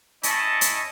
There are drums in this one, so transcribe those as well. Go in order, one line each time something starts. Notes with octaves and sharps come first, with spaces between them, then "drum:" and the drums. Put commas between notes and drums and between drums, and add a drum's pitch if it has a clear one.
C#4 E4 D#5 A5 C#6, drum: hi-hat
drum: hi-hat